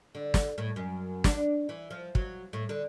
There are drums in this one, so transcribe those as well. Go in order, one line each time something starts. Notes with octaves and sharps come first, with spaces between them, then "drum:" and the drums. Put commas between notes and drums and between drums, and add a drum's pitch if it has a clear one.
D3
drum: snare
A2
F#2
D4, drum: snare
E3
F3
F#3, drum: kick
A2
D3